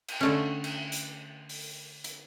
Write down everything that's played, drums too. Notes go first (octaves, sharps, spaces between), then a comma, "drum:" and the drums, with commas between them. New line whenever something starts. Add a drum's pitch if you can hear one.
drum: cymbal
D3 A3 C#4
drum: cymbal
drum: hi-hat
drum: open hi-hat
drum: hi-hat